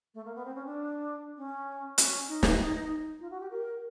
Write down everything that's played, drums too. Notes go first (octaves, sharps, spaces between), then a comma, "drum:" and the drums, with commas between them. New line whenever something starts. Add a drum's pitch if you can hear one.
A3
A#3
B3
C4
C#4
D4
C#4
C#4, drum: hi-hat
D#4
drum: snare
F4
F#4
G4
A#4